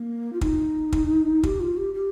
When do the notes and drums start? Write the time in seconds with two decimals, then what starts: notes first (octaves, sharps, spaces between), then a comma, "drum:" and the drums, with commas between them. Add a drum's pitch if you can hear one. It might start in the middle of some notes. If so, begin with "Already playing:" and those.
Already playing: A#3
0.33 F4
0.41 D#4, drum: kick
0.92 drum: kick
1.43 G4, drum: kick
1.60 F4
1.77 G4
1.94 G4